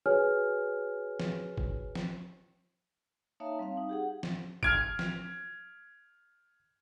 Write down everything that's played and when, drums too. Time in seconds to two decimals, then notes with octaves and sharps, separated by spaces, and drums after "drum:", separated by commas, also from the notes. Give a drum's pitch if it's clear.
0.06 F#4 G#4 B4 C#5 G#5 F6
1.20 drum: snare
1.57 drum: kick G1
1.95 drum: snare
3.40 A#3 D#4 C#5 E5 F5 A5
3.59 G3 C4 F5
3.77 D#4
3.89 G4 G#4 F#5
4.23 drum: snare
4.63 F6 G#6 D7, drum: kick G1
4.99 drum: snare